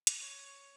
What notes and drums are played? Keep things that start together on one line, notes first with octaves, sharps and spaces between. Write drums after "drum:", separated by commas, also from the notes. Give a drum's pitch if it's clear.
drum: hi-hat
C#5